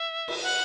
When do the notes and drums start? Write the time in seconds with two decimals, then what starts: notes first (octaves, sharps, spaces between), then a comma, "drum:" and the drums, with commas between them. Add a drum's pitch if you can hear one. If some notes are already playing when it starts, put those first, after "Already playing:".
Already playing: E5
0.28 drum: cymbal
0.43 F#5